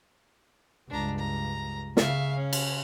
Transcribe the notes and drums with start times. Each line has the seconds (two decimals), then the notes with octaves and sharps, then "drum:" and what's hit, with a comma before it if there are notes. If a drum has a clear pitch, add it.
0.90 C#2 G2 D4 A#5
1.19 A#5
1.97 C#3 E5 F5, drum: snare
2.36 C#4
2.53 drum: cymbal